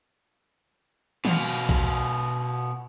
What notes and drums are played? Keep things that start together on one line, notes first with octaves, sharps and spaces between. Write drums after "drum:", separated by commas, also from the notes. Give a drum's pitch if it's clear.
B2 F4, drum: tom D#3
drum: kick A#1